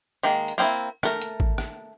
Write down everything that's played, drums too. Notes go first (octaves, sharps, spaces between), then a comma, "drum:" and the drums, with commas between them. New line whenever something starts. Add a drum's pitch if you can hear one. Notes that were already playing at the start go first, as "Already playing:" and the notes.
D#3 G#3 A#3
drum: hi-hat
A#3 C4 D#4 E4
A3 A#4, drum: rim click
drum: hi-hat
drum: kick
drum: rim click